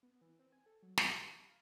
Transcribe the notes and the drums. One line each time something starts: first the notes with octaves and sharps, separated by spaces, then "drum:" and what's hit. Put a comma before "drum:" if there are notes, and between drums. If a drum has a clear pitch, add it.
B3
E3
C4
G#5
A4
F#3
F4, drum: snare
G4
B5
F5